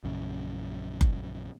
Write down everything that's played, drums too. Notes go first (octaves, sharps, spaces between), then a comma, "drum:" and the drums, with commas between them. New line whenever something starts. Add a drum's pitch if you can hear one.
A#1 F#2 C#3
drum: kick F#1